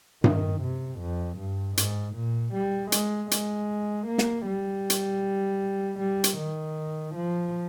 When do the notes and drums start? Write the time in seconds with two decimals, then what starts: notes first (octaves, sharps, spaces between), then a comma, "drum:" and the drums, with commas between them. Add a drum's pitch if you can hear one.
0.24 D#3, drum: tom G2
0.62 C3
1.00 F2
1.39 G2
1.77 G#2, drum: hi-hat
2.16 A#2
2.54 G3
2.92 G#3, drum: hi-hat
3.31 G#3, drum: hi-hat
4.08 A#3
4.18 drum: snare
4.46 G3
4.90 drum: hi-hat
6.00 G3
6.24 drum: hi-hat
6.38 D#3
7.16 F3